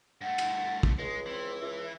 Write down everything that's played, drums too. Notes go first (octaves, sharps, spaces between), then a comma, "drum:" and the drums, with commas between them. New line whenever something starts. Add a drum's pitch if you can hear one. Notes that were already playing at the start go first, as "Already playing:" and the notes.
G2 A3 F#5
drum: cymbal
drum: kick
C#2 G#3 G#4
E3 C4
C#2 E5